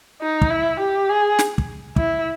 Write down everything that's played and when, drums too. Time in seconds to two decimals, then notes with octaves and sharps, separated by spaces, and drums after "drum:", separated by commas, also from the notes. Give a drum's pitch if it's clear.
0.22 D#4
0.42 drum: kick
0.51 E4
0.80 G4
1.09 G#4
1.39 drum: snare
1.58 drum: kick
1.96 E4, drum: kick